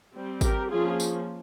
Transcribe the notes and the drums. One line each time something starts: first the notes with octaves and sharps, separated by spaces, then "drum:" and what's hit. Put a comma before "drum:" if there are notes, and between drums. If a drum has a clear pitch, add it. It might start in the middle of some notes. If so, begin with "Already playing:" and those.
G3 C4
G4 A#4, drum: kick G#1, tambourine
F3 A#3 C#4 F4 G#4
drum: tambourine